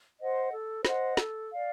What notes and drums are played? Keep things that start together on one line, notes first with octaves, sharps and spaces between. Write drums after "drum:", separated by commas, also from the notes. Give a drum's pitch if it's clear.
C5 D#5 F#5
A4
C5 D#5 F#5, drum: snare
A4, drum: snare
D5 F5